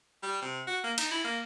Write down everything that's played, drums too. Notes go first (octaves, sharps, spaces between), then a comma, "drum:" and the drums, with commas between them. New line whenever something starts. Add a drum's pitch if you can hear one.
G3
C3
F#4
A#3
D#4, drum: cymbal
E4
A#3